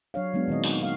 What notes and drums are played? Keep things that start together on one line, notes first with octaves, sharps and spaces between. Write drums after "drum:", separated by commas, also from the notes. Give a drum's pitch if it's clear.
F#3 D4 C#5 F5
F#3 G#3 B3 D4
A#2 D#3 C4 D#5
F#4, drum: open hi-hat
A3 D#4 F#4 F5